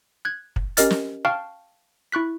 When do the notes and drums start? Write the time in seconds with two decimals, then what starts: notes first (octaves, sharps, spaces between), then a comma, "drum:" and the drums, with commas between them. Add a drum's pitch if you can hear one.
0.25 F#6 G#6
0.56 drum: kick
0.77 C#4 G4 A#4 D#5 F6 A6, drum: hi-hat
0.90 drum: snare
1.25 F5 G5 A5 C#6 F6
2.12 E4 C#6 F#6 B6